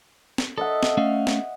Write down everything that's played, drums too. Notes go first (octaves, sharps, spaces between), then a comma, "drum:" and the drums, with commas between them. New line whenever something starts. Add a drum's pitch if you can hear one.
drum: snare
A4 D#5 E5 F#5
drum: snare
A3 C#4 F5
drum: snare